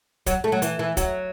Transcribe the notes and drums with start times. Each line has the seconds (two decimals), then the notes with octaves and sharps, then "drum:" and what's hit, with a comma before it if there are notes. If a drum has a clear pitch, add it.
0.26 F#3, drum: kick, hi-hat
0.44 A3
0.52 F#3
0.62 E3, drum: hi-hat
0.79 E3
0.97 F#3, drum: kick, hi-hat